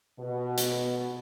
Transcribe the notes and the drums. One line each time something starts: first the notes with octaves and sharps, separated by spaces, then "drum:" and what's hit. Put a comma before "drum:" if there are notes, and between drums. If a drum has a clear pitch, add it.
B2
drum: hi-hat